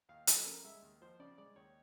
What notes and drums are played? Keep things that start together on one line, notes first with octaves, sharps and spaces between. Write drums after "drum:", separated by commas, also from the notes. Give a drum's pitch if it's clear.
D#2 F5
F3 C#5, drum: hi-hat
A4
C#3 A#4
G#3 E5
D#2
F3 C5
C#3 D5
G#3 D5
D#2 C#5